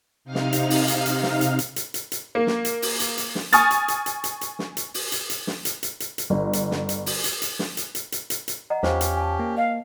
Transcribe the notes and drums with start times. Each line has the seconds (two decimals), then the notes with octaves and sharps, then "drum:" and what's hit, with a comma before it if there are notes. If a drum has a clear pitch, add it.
0.25 C3 D#4 F5 F6
0.35 drum: snare
0.53 drum: hi-hat
0.70 drum: open hi-hat
0.88 drum: hi-hat
1.06 drum: hi-hat
1.23 drum: snare
1.41 drum: hi-hat
1.59 drum: hi-hat
1.76 drum: hi-hat
1.94 drum: hi-hat
2.12 drum: hi-hat
2.35 A#3
2.47 drum: snare
2.65 drum: hi-hat
2.82 drum: open hi-hat
3.00 drum: hi-hat
3.18 drum: hi-hat
3.35 drum: snare
3.53 G#5 C#6 D#6 F6 A6, drum: hi-hat
3.71 drum: hi-hat
3.88 drum: hi-hat
4.06 drum: hi-hat
4.24 drum: hi-hat
4.41 drum: hi-hat
4.59 drum: snare
4.77 drum: hi-hat
4.94 drum: open hi-hat
5.12 drum: hi-hat
5.30 drum: hi-hat
5.47 drum: snare
5.65 drum: hi-hat
5.83 drum: hi-hat
6.00 drum: hi-hat
6.18 drum: hi-hat
6.30 G1
6.53 drum: hi-hat
6.71 drum: snare
6.89 drum: hi-hat
7.06 drum: open hi-hat
7.24 drum: hi-hat
7.42 drum: hi-hat
7.59 drum: snare
7.77 drum: hi-hat
7.95 drum: hi-hat
8.12 drum: hi-hat
8.30 drum: hi-hat
8.48 drum: hi-hat
8.70 D#5 F#5 A#5
8.83 E2 C#4 F4 G4 C5 F5, drum: snare
9.01 drum: hi-hat
9.17 G#5 A5
9.40 A#3 G#5
9.57 D#5 F5